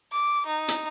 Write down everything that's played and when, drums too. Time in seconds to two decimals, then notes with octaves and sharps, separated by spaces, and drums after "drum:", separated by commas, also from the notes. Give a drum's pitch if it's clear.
0.12 D6
0.46 D#4
0.68 drum: hi-hat